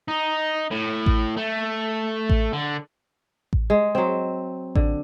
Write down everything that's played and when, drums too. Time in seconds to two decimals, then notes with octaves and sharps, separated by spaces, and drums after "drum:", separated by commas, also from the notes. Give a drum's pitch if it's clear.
0.08 D#4
0.71 A2
1.06 drum: kick A1
1.37 A3
2.30 drum: kick A1
2.53 D3
3.53 drum: kick A1
3.70 G#3
3.95 F#3 C4
4.75 D3, drum: kick A1